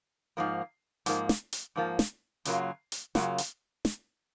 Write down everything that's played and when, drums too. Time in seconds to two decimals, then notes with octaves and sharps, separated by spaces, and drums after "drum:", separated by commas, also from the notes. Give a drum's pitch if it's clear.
0.37 G#2 F3 A#3
1.06 G#2 F3 A#3, drum: hi-hat
1.29 drum: snare
1.53 drum: hi-hat
1.76 G#2 F3 A#3
1.99 drum: snare
2.45 F#2 C#3 F#3 A#3 F4, drum: hi-hat
2.92 drum: hi-hat
3.15 F#2 C#3 F#3 A#3 F4, drum: snare
3.38 drum: hi-hat
3.85 drum: snare